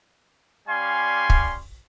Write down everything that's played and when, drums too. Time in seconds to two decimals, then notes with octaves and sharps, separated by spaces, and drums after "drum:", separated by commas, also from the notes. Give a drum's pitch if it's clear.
0.68 G3 C#4 D5 F5 G#5 C6
1.30 drum: kick